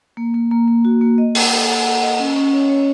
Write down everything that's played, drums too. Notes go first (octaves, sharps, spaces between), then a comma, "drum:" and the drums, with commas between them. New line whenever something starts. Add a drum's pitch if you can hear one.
A#3
A#3
A#3
A#3
F#4
A#3
D#5
F#5, drum: open hi-hat
A4
F#5
F#5
D#5
C#4
C#4
C#5
C#5